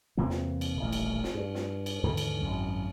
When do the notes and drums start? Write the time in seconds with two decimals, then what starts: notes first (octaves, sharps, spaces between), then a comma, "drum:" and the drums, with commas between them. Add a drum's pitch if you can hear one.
0.17 E2 C3 E3 A#3
0.30 drum: snare
0.61 drum: cymbal
0.77 D#1 A1
0.93 drum: cymbal
1.24 drum: snare
1.35 G2
1.55 drum: snare
1.86 drum: cymbal
2.03 D#2 G#2 D3 E3
2.17 drum: cymbal
2.42 G#1 F#2